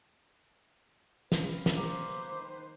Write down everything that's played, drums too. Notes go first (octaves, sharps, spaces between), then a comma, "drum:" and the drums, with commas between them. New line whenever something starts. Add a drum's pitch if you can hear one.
C4 B4 F5, drum: snare
drum: snare
A#2 A#3 B3 B4 C5 D6
D#3